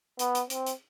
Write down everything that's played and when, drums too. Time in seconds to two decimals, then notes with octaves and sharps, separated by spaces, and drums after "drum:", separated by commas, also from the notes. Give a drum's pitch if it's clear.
0.19 B3, drum: hi-hat
0.35 drum: hi-hat
0.50 C4, drum: hi-hat
0.66 drum: hi-hat